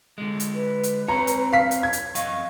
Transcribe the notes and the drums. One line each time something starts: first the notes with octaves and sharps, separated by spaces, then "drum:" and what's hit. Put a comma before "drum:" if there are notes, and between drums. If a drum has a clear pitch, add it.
D3 G#3
drum: hi-hat
B4
drum: hi-hat
C4 C#5 A#5
drum: hi-hat
F5 B6
drum: hi-hat
G#6
drum: hi-hat
F#2 D#5 F5 C#6, drum: hi-hat